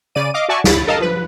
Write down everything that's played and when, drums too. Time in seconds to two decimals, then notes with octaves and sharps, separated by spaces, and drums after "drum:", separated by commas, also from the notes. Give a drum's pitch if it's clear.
0.15 C#3 D5 D#7
0.34 D#5 F5 D6
0.49 F#4 D5 E5 G#5 A5 C#6
0.64 D2 E4 B5 A6, drum: snare
0.87 A4 A#4 D#5 F5 A5
1.00 F3 B4